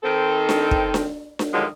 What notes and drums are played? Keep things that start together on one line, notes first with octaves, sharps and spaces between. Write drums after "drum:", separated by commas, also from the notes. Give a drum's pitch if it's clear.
D#3 C4 A4
drum: snare D4
drum: kick
drum: snare D4
drum: snare D4
G2 D3 D#3 F3 F#3 G#3